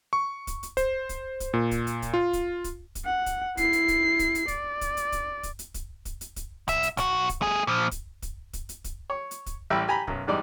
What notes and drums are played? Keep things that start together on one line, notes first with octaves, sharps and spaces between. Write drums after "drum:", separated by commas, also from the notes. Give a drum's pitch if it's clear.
C#6
drum: kick, hi-hat
drum: hi-hat
C5, drum: kick, hi-hat
drum: kick, hi-hat
drum: kick, hi-hat
A#2
drum: kick, hi-hat
drum: hi-hat
drum: kick, hi-hat
F4
drum: kick, hi-hat
drum: kick, hi-hat
drum: kick, hi-hat
F#5
drum: kick, hi-hat
E4 C7, drum: kick, hi-hat
drum: hi-hat
drum: kick, hi-hat
drum: kick, hi-hat
drum: hi-hat
D5, drum: kick, hi-hat
drum: kick, hi-hat
drum: hi-hat
drum: kick, hi-hat
drum: kick, hi-hat
drum: hi-hat
drum: kick, hi-hat
drum: kick, hi-hat
drum: hi-hat
drum: kick, hi-hat
C2 E5, drum: kick, hi-hat
drum: hi-hat
B1 F#4, drum: kick, hi-hat
drum: kick, hi-hat
A3 G#4
A#2 F3
drum: kick, hi-hat
drum: kick, hi-hat
drum: kick, hi-hat
drum: hi-hat
drum: kick, hi-hat
C#5
drum: hi-hat
drum: kick, hi-hat
A1 G3 E5 G5 B5
G4 G#5 A#5 B5
B1 F#2, drum: kick
E2 G#2 G3 D#4 D5